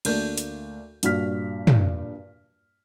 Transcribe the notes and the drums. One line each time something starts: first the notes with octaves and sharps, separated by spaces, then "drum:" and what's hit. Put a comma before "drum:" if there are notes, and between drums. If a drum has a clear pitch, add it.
D2 A3 A#3 D4 A#4 G6, drum: cymbal
drum: hi-hat
G2 A#2 F#4 F6 B6, drum: hi-hat
drum: tom